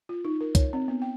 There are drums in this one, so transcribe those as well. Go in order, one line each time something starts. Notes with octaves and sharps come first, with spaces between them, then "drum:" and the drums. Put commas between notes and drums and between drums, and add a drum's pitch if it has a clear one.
F4
D#4
A#4
C#5, drum: kick C2, hi-hat
C4
B3
G5